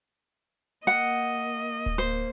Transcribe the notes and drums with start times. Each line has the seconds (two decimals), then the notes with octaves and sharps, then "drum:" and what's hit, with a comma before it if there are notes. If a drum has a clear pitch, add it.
0.87 A#3 D#5 F#5
1.86 drum: kick D1
1.98 A#3 C5